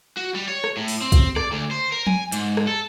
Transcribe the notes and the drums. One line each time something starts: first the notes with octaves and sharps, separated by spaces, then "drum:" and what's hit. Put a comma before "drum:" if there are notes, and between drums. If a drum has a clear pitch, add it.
F#4
G3
C#5
drum: rim click
A2
drum: open hi-hat
C4
drum: kick, hi-hat
D5, drum: rim click
D2
C5
A#4
G#5, drum: tom F3
G#2, drum: hi-hat
drum: rim click
A4